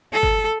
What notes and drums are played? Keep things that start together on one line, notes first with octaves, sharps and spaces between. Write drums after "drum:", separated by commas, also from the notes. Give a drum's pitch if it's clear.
A4
drum: kick